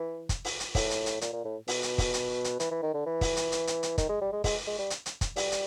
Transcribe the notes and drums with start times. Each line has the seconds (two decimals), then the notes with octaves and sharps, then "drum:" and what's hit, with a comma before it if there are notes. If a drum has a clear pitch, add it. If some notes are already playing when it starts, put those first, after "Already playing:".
Already playing: E3
0.29 drum: kick, hi-hat
0.45 drum: open hi-hat
0.60 drum: hi-hat
0.75 A2, drum: kick, open hi-hat
0.91 drum: hi-hat
1.06 drum: hi-hat
1.21 A#2, drum: hi-hat
1.33 A#2
1.45 A2
1.68 B2, drum: open hi-hat
1.83 drum: hi-hat
1.98 drum: kick, open hi-hat
2.14 drum: hi-hat
2.44 drum: hi-hat
2.60 E3, drum: hi-hat
2.71 E3
2.83 D#3
2.94 D3
3.06 E3
3.21 drum: kick, open hi-hat
3.37 drum: hi-hat
3.52 drum: hi-hat
3.67 drum: hi-hat
3.83 drum: hi-hat
3.98 D#3, drum: kick, hi-hat
4.09 G#3
4.21 G3
4.32 G#3
4.44 G#3, drum: kick, open hi-hat
4.67 G#3
4.79 G3
4.90 drum: hi-hat
5.06 drum: hi-hat
5.21 drum: kick, hi-hat
5.36 G3, drum: open hi-hat
5.52 drum: hi-hat